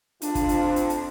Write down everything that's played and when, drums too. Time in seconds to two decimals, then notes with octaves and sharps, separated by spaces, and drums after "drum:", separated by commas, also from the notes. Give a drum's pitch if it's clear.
0.22 F2 D4 F4, drum: hi-hat
0.35 drum: kick, hi-hat
0.49 drum: hi-hat
0.76 drum: hi-hat
0.90 drum: hi-hat